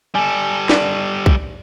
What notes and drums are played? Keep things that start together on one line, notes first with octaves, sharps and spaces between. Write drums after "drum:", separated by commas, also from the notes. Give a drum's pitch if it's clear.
G3 A4 G#5
D5, drum: snare
drum: kick